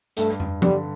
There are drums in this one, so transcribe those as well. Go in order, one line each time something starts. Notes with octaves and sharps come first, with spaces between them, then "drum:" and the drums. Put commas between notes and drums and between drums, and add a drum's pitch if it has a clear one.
G2 A3, drum: hi-hat
drum: tom
D3 G3, drum: tom